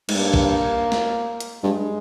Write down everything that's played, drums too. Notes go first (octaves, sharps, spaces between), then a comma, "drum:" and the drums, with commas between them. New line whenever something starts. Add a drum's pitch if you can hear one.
G#2, drum: cymbal
G2 A#3
drum: kick
drum: snare
drum: hi-hat
G2 G#3